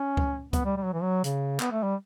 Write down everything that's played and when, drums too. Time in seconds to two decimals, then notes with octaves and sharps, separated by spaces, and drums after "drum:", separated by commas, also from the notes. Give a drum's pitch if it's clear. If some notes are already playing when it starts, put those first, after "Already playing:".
Already playing: C#4
0.17 drum: kick C#2
0.53 B3, drum: kick C#2, hi-hat
0.65 G3
0.77 G3
0.85 F#3
0.93 E3
1.02 F#3
1.24 C#3, drum: hi-hat
1.60 B3, drum: clap
1.71 A3
1.83 G3